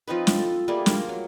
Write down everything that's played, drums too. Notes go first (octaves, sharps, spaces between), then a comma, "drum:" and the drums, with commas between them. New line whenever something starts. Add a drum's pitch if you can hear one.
F3 C4 D#4 B4
drum: snare
A4
G3 A3 A#3 G#4
A#3 F4 A#4, drum: snare
F#3